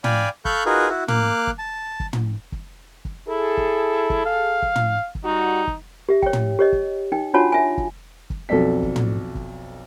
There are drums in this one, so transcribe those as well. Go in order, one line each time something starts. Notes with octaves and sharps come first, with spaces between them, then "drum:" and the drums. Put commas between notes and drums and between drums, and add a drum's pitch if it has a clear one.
D5 F5 G5 G#5 B5, drum: tom
A4 F5 B5 C#6 F#6 G6, drum: kick
D#4 F4 F#4 G#4 A#4 B4
E4 F#4
A#3 F5 D6 F#6, drum: tom
drum: kick
A5
drum: kick
drum: tom
drum: kick
drum: kick
E4 G#4 A4
drum: kick
drum: kick
F5
drum: kick
drum: tom
drum: kick
G3 D#4 F#4
drum: kick
G4 E5
C#5 G5, drum: kick
drum: tom
G4 C#5 D#5
drum: kick
D#4 G5
D4 F4 F#4 C#5 F#5 A5
E5 G#5
drum: kick
drum: kick
B1 F2 A4 D5 B6
drum: kick
drum: tom
drum: kick